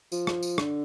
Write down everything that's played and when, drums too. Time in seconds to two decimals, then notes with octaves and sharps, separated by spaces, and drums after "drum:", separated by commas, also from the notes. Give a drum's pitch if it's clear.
0.12 F3, drum: tambourine
0.27 drum: rim click
0.43 drum: tambourine
0.58 D3, drum: rim click